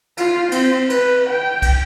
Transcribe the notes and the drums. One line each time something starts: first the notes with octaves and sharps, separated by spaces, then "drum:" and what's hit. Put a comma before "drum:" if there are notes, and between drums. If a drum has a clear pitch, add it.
F4, drum: cymbal
C4, drum: cymbal
B4, drum: cymbal
G5
drum: kick, cymbal